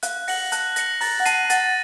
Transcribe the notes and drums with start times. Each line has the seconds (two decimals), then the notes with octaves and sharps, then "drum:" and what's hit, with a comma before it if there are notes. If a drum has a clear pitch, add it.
0.03 F5 F#6, drum: hi-hat
0.28 F#5 A#6 C#7 F#7, drum: open hi-hat
0.52 A5 F#6, drum: hi-hat
0.76 A#6 C#7 F#7, drum: hi-hat
1.01 A#5 A6, drum: open hi-hat
1.20 F#5
1.26 A5 C7 D#7, drum: hi-hat
1.50 F#5 A6, drum: hi-hat